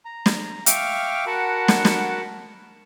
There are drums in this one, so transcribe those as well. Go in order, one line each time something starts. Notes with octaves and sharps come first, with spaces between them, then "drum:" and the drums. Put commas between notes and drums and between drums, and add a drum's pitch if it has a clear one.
A#5
drum: snare
E5 F5 G5 C#6 D6 F6, drum: hi-hat
F#4 A#4 F#5 A5 B5
drum: snare
drum: snare